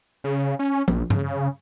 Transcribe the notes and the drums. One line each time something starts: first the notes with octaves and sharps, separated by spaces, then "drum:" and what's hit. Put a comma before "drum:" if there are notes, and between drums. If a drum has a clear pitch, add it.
C#3
C#4
A#1, drum: tom
C#3, drum: tom G2